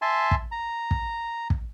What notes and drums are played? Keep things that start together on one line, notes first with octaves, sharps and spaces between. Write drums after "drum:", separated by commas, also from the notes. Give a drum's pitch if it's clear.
E5 G#5 A5 C6
drum: kick
A#5
drum: kick
drum: kick